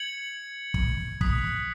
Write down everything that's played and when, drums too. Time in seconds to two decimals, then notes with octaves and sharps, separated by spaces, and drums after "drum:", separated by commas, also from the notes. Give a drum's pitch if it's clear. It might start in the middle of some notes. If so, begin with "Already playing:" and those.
Already playing: G#6 C#7 F#7
0.74 drum: kick
1.21 D#6 F#6 B6 F7, drum: kick